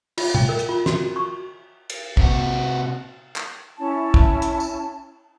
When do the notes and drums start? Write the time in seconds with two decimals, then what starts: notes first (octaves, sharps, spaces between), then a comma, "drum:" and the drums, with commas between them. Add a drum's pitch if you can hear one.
0.18 F4, drum: cymbal
0.35 G5, drum: tom
0.49 A#4
0.59 drum: hi-hat
0.69 F4
0.86 F#4, drum: snare
1.16 C#6
1.90 drum: cymbal
2.17 C3 F#4, drum: kick
3.36 drum: clap
3.78 C#4 E4 A5
4.14 drum: kick
4.42 drum: hi-hat
4.60 drum: tambourine